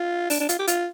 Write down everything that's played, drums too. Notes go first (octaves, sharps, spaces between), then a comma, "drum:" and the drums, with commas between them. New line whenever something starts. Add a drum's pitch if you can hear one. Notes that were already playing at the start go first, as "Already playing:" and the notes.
Already playing: F4
D4, drum: open hi-hat
D4
F4, drum: hi-hat
G4
F4, drum: hi-hat